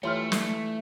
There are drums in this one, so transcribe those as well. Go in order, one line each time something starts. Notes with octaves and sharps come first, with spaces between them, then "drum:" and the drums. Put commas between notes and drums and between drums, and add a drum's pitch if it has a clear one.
E3 G3 A3 F4 C#5 C6 F6
drum: snare